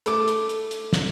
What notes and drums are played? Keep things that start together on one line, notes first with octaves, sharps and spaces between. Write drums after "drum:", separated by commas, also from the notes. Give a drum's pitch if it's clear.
A3 D6, drum: hi-hat
drum: hi-hat
drum: hi-hat
drum: hi-hat
drum: snare